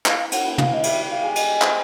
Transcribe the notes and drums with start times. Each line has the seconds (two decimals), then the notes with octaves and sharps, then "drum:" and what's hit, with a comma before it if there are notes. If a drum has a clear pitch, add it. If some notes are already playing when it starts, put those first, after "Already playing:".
0.06 E4 F5, drum: clap
0.32 F#5, drum: cymbal
0.45 B3
0.58 F5, drum: tom
0.74 D#5
0.83 G3 E5, drum: cymbal
1.10 F5
1.23 G#4
1.36 D#5, drum: cymbal
1.61 C5, drum: clap